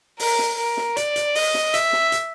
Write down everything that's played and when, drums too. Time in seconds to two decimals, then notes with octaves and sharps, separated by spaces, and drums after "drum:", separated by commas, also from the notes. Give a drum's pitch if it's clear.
0.20 A#4, drum: open hi-hat
0.39 drum: snare
0.58 A#4
0.77 drum: snare
0.97 D5, drum: hi-hat
1.16 drum: hi-hat
1.35 D#5, drum: open hi-hat
1.54 drum: snare
1.74 E5, drum: hi-hat
1.93 drum: snare
2.12 drum: hi-hat